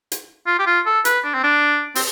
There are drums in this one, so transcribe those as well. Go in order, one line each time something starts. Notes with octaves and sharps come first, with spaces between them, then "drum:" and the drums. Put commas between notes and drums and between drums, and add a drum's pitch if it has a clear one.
drum: hi-hat
F4
G4
F4
A4
B4, drum: hi-hat
D4
C4
D4
C4, drum: open hi-hat